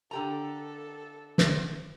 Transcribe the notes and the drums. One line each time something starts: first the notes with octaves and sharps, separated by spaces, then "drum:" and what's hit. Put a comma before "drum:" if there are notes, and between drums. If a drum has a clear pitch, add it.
D3 G4 A4 A#5
drum: snare